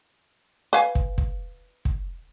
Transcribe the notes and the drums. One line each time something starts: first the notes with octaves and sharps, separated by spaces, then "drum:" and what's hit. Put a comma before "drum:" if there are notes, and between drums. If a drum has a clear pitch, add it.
B4 F5 G#5
drum: kick
drum: kick
drum: kick